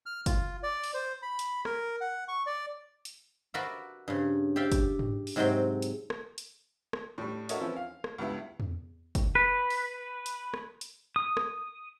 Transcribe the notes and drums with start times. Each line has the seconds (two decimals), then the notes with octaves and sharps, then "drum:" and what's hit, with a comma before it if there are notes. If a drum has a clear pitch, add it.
0.06 F6
0.26 F4, drum: kick, hi-hat
0.63 D5
0.84 drum: open hi-hat
0.94 C5
1.22 B5
1.39 drum: hi-hat
1.65 A#4, drum: rim click
2.01 F#5
2.28 C#6
2.46 D5
3.05 drum: hi-hat
3.54 F#4 A#4 B4 D5 E5 F5
4.08 G2 C#3
4.56 G4 D5 E5 F5 G5
4.72 drum: kick, hi-hat
4.99 drum: tom G#2
5.27 drum: open hi-hat
5.36 G#2 C3 F#3 C#5 G5 C6
5.82 drum: hi-hat
6.10 drum: rim click
6.38 drum: hi-hat
6.93 drum: rim click
7.18 A2 G3
7.49 F#4 A4 A#4 C#5 D#5 E5, drum: hi-hat
7.60 E3 F3 C4 C#4 E4
7.76 F5
8.04 drum: rim click
8.18 C#2 G2 B3 E4
8.60 drum: tom E2
9.15 drum: kick, hi-hat
9.35 B4
9.70 drum: open hi-hat
10.26 drum: hi-hat
10.54 drum: rim click
10.81 drum: hi-hat
11.16 D#6
11.37 drum: rim click